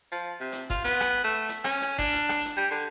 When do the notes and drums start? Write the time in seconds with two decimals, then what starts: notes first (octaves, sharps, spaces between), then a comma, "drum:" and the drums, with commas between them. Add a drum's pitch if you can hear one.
0.12 F3
0.40 C3
0.52 drum: hi-hat
0.70 F4, drum: kick F#1, hi-hat
0.84 B3, drum: hi-hat
1.00 drum: rim click
1.24 A3
1.49 drum: hi-hat
1.64 C#4, drum: rim click
1.81 drum: hi-hat
1.98 D4, drum: kick F#1, hi-hat
2.13 drum: hi-hat
2.29 drum: rim click
2.45 drum: hi-hat
2.57 G3
2.71 D3